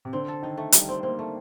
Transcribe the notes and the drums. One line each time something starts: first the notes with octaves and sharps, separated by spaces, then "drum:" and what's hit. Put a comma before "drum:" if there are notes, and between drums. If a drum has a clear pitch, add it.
C3
D3 C4
A4
D#3 D#4
A3
G3 D#4, drum: hi-hat
C4
A#3 C4
A3